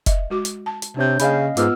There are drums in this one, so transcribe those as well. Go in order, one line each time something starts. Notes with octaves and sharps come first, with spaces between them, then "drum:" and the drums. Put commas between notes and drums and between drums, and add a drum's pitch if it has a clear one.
D#5 E5, drum: kick F1, hi-hat
G#3 F#4 D6
drum: hi-hat
A5
drum: hi-hat
C3 D4 C#5 G6
C#3 A#3 C#4 D#5 F5 B5, drum: hi-hat
G#2 B3 F4 B4 D#5 E6 F6, drum: hi-hat